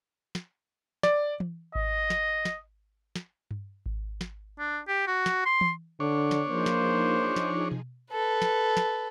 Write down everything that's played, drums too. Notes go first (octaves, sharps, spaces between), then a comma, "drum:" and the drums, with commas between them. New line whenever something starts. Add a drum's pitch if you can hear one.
drum: snare
D5, drum: snare
drum: tom E3
D#5, drum: kick G#1
drum: snare
drum: snare
drum: snare
drum: tom G2
drum: kick G#1
drum: snare
D4
G4
F#4
drum: snare
C6
drum: tom E3
D3 D4 C#5
drum: snare
F3 A#3 D#4 G#4 C5
drum: snare
drum: snare
drum: tom B2
A4 B4
drum: snare
drum: snare